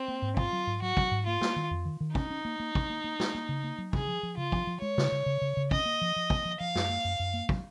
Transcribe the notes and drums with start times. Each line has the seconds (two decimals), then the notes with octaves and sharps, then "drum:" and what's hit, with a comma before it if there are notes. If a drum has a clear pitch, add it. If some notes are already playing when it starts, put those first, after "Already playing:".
Already playing: C4
0.08 A#3
0.22 G#2
0.37 C4 F4, drum: kick
0.53 F#3
0.67 G#2
0.82 F#3 F#4
0.97 F#3, drum: kick
1.11 G#2
1.26 A#3 F4
1.41 A#3, drum: snare
1.56 D#3
1.71 F2
1.85 D#3
2.01 D#3
2.15 C#4 D#4, drum: kick
2.30 C#4
2.45 A#3
2.60 A#3
2.75 C#4, drum: kick
2.90 A#3
3.04 A#3
3.20 A#3, drum: snare
3.35 A#3
3.49 C#3
3.64 A#3
3.78 F#3
3.93 C#3 G#4, drum: kick
4.08 F3
4.23 F3
4.37 C#3 F4
4.52 F3, drum: kick
4.67 F3
4.82 G#3 C#5
4.98 C#3, drum: snare
5.12 C#3
5.26 C#3
5.41 C#3
5.57 C#3
5.71 C#4 D#5, drum: kick
5.86 A#3
6.01 F3
6.16 F3
6.30 A#3, drum: kick
6.45 F3
6.60 F3 F5
6.75 F#2, drum: snare
6.90 A#3
7.04 F#2
7.19 F#2
7.34 A#3
7.49 F#3, drum: kick